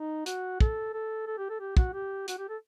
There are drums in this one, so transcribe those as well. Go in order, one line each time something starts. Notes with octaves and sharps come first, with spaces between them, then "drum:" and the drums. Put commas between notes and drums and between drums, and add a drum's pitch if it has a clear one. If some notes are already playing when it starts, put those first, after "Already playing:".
Already playing: D#4
F#4, drum: hi-hat
A4, drum: kick
A4
A4
G4
A4
G4
F#4, drum: kick
G4
F#4, drum: hi-hat
G4
A4